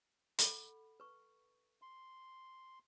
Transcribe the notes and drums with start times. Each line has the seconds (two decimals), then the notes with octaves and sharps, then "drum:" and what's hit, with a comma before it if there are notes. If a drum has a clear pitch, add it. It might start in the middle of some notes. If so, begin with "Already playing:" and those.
0.39 A4 F#5 B5, drum: hi-hat
1.00 B4 C#6
1.82 C6